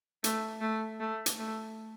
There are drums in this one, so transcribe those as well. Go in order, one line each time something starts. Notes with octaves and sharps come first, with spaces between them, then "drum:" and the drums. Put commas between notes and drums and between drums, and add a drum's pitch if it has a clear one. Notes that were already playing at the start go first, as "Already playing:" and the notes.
A3, drum: hi-hat
A3
A3
drum: hi-hat
A3